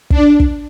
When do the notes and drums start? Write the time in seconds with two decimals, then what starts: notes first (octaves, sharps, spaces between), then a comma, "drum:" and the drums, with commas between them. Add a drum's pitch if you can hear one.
0.10 D4, drum: kick
0.40 drum: kick